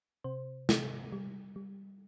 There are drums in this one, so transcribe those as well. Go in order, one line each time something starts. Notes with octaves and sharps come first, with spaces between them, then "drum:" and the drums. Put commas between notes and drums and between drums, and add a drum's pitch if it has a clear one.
C3 C5
C3, drum: snare
G3
G3